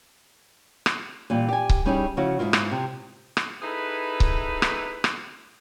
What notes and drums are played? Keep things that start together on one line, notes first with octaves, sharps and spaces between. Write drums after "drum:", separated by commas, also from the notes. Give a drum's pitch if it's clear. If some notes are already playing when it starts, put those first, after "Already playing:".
drum: rim click
A#2 E3 G3
G4 G#5
drum: kick C#1
G3 C#4 D#4 E4 G#4
C#3 F3 E4 F#4
G#2 C#3 E4 F4
drum: rim click
C3
drum: rim click
D#4 E4 G#4 A4 B4
drum: kick C#1
drum: rim click
drum: rim click